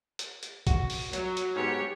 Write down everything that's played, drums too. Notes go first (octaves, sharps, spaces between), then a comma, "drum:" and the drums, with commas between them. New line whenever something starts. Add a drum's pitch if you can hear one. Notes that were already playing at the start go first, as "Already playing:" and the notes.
drum: hi-hat
drum: hi-hat
F#4, drum: kick, hi-hat
drum: open hi-hat
F#3, drum: hi-hat
drum: hi-hat
G#2 B3 G4 C#5